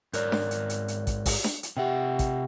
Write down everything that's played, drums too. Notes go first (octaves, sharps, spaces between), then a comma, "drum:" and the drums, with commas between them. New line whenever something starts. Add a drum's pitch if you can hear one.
G#2 A#4 C#5 D5 F#6 G6, drum: hi-hat
drum: snare D4
drum: hi-hat
drum: hi-hat
drum: hi-hat
drum: kick, hi-hat
drum: kick, open hi-hat
drum: snare D4
drum: hi-hat
C3 G4 E5 F#5 G5
drum: kick, hi-hat